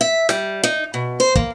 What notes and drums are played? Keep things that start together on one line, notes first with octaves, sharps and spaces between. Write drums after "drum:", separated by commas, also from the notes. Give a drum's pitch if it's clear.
E5
G3, drum: snare
D#4
B2
C5
A#3, drum: kick